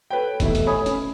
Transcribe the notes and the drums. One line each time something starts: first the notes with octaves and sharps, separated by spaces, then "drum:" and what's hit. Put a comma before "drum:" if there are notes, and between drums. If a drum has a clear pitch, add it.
A4 B4 C#5 G5
F1 B2 E3 A3 E4 E5, drum: kick, hi-hat
drum: hi-hat
C#5 G#5 B5 D#6
C#4, drum: hi-hat